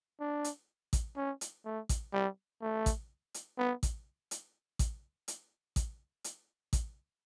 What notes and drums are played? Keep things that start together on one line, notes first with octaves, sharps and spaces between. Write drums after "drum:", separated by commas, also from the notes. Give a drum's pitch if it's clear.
D4
drum: hi-hat
drum: kick A1, hi-hat
C#4
drum: hi-hat
A3
drum: kick A1, hi-hat
G3
A3
drum: kick A1, hi-hat
drum: hi-hat
B3
drum: kick A1, hi-hat
drum: hi-hat
drum: kick A1, hi-hat
drum: hi-hat
drum: kick A1, hi-hat
drum: hi-hat
drum: kick A1, hi-hat